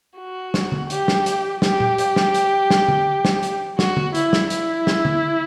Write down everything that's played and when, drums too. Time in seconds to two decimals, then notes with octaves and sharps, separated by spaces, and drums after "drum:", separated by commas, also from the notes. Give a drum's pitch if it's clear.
0.18 F#4
0.54 drum: snare
0.72 drum: tom
0.90 G4, drum: hi-hat
1.08 drum: snare
1.26 drum: hi-hat
1.62 G4, drum: snare
1.80 drum: tom A#2
1.98 drum: hi-hat
2.16 drum: snare
2.34 drum: hi-hat
2.70 drum: snare
2.89 drum: tom
3.25 drum: snare
3.43 drum: hi-hat
3.79 F#4, drum: snare
3.97 drum: tom
4.15 E4, drum: hi-hat
4.33 drum: snare
4.50 E4, drum: hi-hat
4.87 drum: snare
5.05 drum: tom